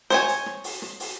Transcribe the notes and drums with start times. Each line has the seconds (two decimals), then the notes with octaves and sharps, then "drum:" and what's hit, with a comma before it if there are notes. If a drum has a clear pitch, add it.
0.10 C5 C#5 G#5, drum: hi-hat
0.28 drum: hi-hat
0.46 drum: rim click
0.64 drum: open hi-hat
0.82 drum: rim click
1.00 drum: open hi-hat